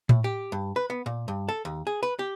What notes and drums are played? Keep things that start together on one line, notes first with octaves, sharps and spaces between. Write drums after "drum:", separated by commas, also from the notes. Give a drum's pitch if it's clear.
A2, drum: tom A2
G4
G2
B4
B3
A#2
G2
A4
D#2
G#4
B4
G4